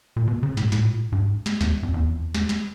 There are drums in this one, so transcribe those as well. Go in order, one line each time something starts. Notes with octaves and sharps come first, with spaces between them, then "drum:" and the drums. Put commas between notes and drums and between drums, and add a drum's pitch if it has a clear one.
A#2
B2
C#3
A2, drum: snare
A2, drum: snare
A#2
A2
G2
G#2
drum: snare
E2, drum: snare
F2
E2
F2
E2
drum: snare
drum: snare